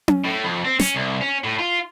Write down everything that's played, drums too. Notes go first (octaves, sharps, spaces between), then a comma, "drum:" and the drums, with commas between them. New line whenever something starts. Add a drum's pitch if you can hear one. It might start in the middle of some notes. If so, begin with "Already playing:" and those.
drum: tom C#4
A2
F2
C4
C#4, drum: snare
C2
C#4
A2
F4